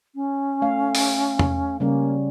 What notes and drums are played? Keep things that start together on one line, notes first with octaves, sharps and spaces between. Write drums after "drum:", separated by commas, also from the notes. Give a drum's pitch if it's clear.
C#4
A3 F5
drum: open hi-hat
drum: tom E2
C#3 G3 A#3 C#4